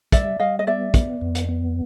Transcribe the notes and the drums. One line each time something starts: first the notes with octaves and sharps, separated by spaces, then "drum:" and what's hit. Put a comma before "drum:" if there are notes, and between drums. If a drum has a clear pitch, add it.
G3 D5 E5, drum: kick, hi-hat
G3 D#5 F5
D#5
B3 D5 E5
B3, drum: kick, hi-hat
F2
drum: hi-hat
B3